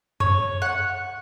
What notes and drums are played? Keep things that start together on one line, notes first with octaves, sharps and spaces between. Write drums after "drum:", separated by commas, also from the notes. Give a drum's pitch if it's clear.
C#5, drum: tom F#2
F#5